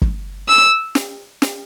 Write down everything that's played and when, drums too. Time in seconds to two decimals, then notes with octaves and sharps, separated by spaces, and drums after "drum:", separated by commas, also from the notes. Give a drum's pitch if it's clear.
0.02 drum: kick
0.48 E6
0.95 drum: snare
1.42 drum: snare